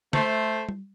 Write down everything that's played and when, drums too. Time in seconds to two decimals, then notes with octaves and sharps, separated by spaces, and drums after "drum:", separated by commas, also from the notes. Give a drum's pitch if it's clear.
0.13 A3 C5, drum: snare
0.69 drum: tom G3